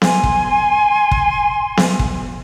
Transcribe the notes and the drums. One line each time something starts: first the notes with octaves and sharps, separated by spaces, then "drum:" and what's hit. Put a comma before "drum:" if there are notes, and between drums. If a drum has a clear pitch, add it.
G#5 C6, drum: snare B3
drum: kick
drum: kick
drum: snare B3
drum: kick